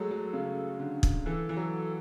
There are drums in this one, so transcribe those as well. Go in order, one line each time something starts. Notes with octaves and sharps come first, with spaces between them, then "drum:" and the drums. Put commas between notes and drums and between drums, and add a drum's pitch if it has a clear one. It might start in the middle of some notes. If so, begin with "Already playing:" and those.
Already playing: F#3 G#3 A3 A4
F#3
C#3
D3
drum: kick
E3 A4
E3
F#3